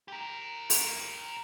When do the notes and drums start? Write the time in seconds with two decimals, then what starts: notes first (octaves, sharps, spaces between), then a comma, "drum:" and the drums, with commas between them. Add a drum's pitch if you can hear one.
0.08 G4 A#4
0.70 drum: open hi-hat